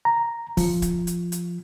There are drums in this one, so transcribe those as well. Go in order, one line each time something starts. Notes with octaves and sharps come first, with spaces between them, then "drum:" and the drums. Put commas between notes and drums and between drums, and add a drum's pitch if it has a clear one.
A#5
F3, drum: kick, open hi-hat
drum: kick, hi-hat
drum: hi-hat
drum: hi-hat